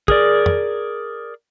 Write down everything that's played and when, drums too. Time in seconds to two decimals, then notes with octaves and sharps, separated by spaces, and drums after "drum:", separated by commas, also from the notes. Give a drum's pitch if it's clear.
0.08 G#4 A#4 D5, drum: kick
0.46 drum: tom